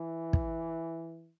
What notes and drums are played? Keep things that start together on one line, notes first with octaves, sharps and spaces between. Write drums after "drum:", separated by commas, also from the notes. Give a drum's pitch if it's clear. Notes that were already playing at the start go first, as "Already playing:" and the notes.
Already playing: E3
drum: kick